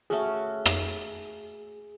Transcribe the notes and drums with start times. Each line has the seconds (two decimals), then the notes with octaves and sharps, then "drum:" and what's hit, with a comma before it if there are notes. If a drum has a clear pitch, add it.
0.10 A3 C#4 F#4 G#4
0.65 drum: rim click